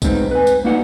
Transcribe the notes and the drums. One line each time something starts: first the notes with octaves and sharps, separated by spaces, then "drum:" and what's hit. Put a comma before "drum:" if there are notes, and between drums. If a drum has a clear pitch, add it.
G#3 A3 B3 C4 D#4, drum: kick, tambourine
B4 G#5
drum: tambourine
A3 A#3 D#4 F#4 D5 F#5